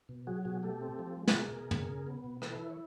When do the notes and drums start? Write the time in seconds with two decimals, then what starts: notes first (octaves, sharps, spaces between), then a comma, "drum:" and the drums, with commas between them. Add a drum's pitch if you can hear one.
0.09 B2
0.27 F#3 F#4 G#4
0.45 B2 F#4 G#4
0.63 A3 G4 A4
0.81 C4
0.99 F3
1.17 G#3
1.27 A4, drum: snare
1.34 B2 G#4 A#4
1.52 B2
1.71 C#3, drum: tom
1.89 C#3
2.07 B3
2.24 B2
2.42 E3 A4 B4, drum: rim click
2.59 E4
2.70 C#5